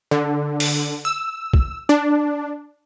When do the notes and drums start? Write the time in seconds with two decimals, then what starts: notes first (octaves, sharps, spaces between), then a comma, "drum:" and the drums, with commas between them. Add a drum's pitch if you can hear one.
0.11 D3
0.60 drum: open hi-hat
1.05 E6
1.54 drum: kick B1
1.89 D4